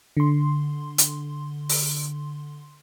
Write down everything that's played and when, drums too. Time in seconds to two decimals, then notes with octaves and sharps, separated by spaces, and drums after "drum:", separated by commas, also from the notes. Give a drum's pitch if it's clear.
0.17 D3 C6
0.98 drum: hi-hat
1.69 drum: open hi-hat